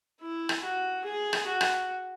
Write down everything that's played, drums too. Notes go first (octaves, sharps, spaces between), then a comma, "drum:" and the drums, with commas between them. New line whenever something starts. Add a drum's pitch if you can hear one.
E4
drum: rim click
F#4
G#4
drum: rim click
F#4
drum: rim click